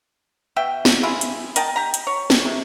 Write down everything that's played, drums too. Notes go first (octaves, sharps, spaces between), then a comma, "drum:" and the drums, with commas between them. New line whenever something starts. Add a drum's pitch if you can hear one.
B2 E5 G5
drum: snare
E4 F4 G#4
drum: hi-hat
A#4 D#5 G5 A5, drum: hi-hat
G4 A#5
drum: hi-hat
C#5
drum: snare
C3